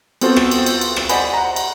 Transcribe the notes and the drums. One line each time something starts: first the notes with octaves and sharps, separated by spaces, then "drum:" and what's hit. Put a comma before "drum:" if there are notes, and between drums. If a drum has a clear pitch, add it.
B3 C4 F4 F#4 A4 C5, drum: cymbal
drum: rim click
drum: cymbal
drum: cymbal
drum: cymbal
drum: rim click
C5 D5 D#5 F#5 G#5 B5, drum: cymbal
F#5 A#5
drum: cymbal